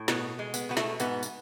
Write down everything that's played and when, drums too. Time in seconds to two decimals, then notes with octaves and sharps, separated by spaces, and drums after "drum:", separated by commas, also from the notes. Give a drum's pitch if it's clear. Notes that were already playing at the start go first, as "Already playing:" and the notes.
Already playing: A2
0.08 B2 B3, drum: snare
0.39 G#3
0.54 B3, drum: tambourine
0.69 B2 B3
0.77 A3, drum: snare
1.00 G#2 B3, drum: tambourine
1.23 drum: tambourine